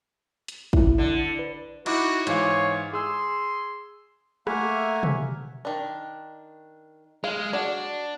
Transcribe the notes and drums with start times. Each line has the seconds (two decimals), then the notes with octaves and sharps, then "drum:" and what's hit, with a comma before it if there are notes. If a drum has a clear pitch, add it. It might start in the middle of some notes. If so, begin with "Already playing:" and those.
0.48 drum: hi-hat
0.73 E4, drum: kick
0.98 D3
1.39 B4
1.86 D#4 E4 F#4 D6, drum: cymbal
2.27 G#2 E3 C#5 F5, drum: hi-hat
2.93 G#4 C6 E6
4.47 A3 A#3 E5 F#5 G#5 F6, drum: rim click
5.03 drum: tom
5.65 D#3 D4
7.24 G#3 F5
7.53 D4 F#4 D5